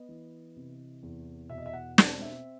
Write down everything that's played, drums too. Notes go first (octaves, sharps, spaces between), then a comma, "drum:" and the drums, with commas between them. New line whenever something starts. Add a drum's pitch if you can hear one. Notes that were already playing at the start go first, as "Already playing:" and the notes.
Already playing: B3 D#5
E3
C3
E2
B2 E5
D#5
E5
F#5
C4 A5, drum: snare
E5